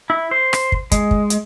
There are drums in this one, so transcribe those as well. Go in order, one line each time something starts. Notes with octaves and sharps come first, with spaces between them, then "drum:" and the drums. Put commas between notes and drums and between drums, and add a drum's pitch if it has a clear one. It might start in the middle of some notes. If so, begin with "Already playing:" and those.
E4
C5
drum: rim click
drum: kick
G#3, drum: kick, hi-hat
drum: kick
drum: hi-hat